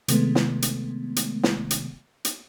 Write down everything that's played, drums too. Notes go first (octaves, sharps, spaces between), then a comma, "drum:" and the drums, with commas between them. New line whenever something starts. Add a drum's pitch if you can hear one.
C3 D#3 G#3 A3 B3, drum: hi-hat
drum: snare
drum: hi-hat
drum: hi-hat
drum: snare
drum: hi-hat
drum: hi-hat